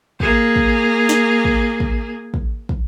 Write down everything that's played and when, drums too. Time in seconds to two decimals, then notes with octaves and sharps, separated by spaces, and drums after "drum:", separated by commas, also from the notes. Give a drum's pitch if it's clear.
0.20 A#3 G#4, drum: kick
0.56 drum: kick
1.09 drum: snare
1.45 drum: kick
1.80 drum: kick
2.34 drum: kick
2.69 drum: kick